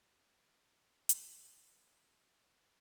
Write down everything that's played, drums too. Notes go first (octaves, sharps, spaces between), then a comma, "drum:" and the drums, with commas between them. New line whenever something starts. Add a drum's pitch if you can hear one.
D#2 D#3 F#3 B3 D4 A4
E2 C#3 E3, drum: hi-hat
A#4
A#2 F3 A#3 D#4